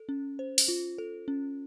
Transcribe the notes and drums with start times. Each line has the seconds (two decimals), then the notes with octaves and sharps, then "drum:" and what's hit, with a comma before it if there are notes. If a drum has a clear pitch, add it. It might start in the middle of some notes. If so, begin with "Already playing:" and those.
Already playing: A4
0.09 C#4
0.39 C5
0.58 drum: open hi-hat
0.68 F4
0.98 A4
1.28 C#4